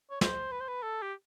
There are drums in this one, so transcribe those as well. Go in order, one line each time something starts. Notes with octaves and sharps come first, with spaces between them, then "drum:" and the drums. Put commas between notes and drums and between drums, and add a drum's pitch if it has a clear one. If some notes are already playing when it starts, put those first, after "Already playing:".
C#5
C5, drum: snare
B4
C5
B4
A4
G4